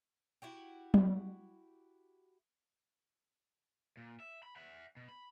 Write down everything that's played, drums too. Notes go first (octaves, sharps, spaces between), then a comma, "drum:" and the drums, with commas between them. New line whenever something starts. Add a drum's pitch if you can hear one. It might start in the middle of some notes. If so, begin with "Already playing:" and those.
E4 F#4 G4
drum: tom F#3
A#2
E5
B5
E5 F#5
B2
B5